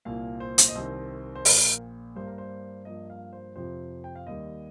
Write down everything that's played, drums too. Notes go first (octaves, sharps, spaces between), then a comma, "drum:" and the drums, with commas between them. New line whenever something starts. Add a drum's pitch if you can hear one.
C2 A#2 A#3 F5
C5
drum: hi-hat
D#5
C2 C3 D#3 C5
C5
A#1 A#2 A#3 A#4, drum: open hi-hat
G2 G3 A#3 C5
A#4
C5
G2 F3 A#3 D#5
F5
C5
F2 C3 F3 C5
G5
F5
D#2 D#3 G3 D#5